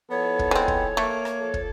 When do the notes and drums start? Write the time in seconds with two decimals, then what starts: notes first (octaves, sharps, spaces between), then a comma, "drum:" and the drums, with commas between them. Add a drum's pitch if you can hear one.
0.11 F3 B3 E4 A4 C#5
0.39 drum: kick
0.51 G#3 C4
0.68 drum: kick
0.97 A3 A#3
1.25 drum: rim click
1.41 F3 A4
1.54 drum: kick